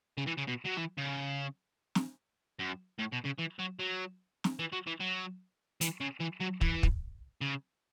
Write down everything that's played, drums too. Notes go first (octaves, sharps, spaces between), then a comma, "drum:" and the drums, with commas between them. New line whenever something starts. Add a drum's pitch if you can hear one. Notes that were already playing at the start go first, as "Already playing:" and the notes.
C#3
E3
C#3
B2
F#3
E3
C#3
drum: snare
F#2
A2
B2
C#3
E3
F#3
F#3
drum: snare
E3
F#3
E3
F#3
E3, drum: hi-hat
C#3
E3
F#3
E3, drum: kick
drum: kick
C#3